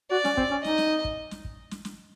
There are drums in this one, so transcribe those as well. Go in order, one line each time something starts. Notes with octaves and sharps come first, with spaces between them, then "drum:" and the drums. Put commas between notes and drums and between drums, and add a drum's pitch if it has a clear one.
F#4 D5
C#4, drum: snare
C4, drum: kick
C#4
D#4 D#5, drum: snare
drum: snare
drum: kick
drum: snare
drum: kick
drum: snare
drum: snare